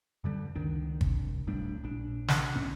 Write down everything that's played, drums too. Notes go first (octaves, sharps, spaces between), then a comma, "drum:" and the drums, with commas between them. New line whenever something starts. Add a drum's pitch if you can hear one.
F#2 D3 G3
C#2 D#3 D4
C2, drum: kick
D1 A2 G3 D4
A#1 D4
drum: snare
B1 A2 C#4